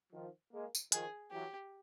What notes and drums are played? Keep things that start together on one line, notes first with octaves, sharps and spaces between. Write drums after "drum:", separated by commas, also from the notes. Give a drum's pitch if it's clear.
D#3 F3
G#3 A#3
drum: tambourine
D#3 F3 G#4, drum: hi-hat
E3 F#3 G4